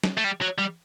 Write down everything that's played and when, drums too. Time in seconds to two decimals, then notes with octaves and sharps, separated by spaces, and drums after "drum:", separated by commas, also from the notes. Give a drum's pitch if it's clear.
0.03 drum: snare
0.17 A3
0.24 G3
0.41 F#3
0.58 G3